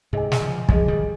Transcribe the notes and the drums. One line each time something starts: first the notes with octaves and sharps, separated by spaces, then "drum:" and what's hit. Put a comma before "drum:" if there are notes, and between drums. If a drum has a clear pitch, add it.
G#2 C3 G#4 D#5 G#5
drum: snare
C#3 F3
F3 G#3 G#4 D#5 G#5, drum: kick
D#3 G3